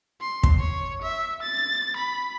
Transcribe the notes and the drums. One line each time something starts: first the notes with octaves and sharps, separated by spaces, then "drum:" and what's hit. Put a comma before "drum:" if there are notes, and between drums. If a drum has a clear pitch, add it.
C6
drum: kick
C#5
E5
A6
B5